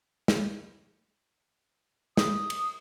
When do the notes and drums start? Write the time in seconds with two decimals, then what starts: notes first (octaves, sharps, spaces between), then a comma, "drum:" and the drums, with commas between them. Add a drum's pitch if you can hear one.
0.28 drum: snare
2.17 D#6, drum: snare
2.50 drum: cymbal